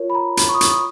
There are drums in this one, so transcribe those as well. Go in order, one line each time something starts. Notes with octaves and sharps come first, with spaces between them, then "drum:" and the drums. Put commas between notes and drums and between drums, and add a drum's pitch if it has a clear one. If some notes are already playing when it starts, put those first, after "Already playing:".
Already playing: F4 A#4 C#5
B5
A#5
B5, drum: hi-hat
C#6
D#6
C#6, drum: hi-hat
D#6